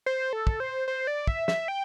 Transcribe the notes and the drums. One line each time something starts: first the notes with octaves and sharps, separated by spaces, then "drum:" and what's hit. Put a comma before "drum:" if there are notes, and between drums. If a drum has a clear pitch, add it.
C5
A4
drum: kick
C5
C5
D5
E5, drum: kick
E5, drum: snare
G5